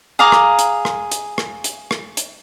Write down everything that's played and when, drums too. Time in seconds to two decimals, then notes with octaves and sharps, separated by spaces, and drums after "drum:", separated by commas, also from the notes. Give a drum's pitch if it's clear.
0.19 G#4 F5 A#5 D6
0.32 drum: rim click
0.59 drum: hi-hat
0.85 drum: rim click
1.11 drum: hi-hat
1.38 drum: rim click
1.64 drum: hi-hat
1.91 drum: rim click
2.17 drum: hi-hat